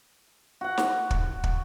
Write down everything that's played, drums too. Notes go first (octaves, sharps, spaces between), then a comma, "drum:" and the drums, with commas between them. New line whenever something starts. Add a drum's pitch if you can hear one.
F#4 F#5
drum: snare
drum: kick
drum: kick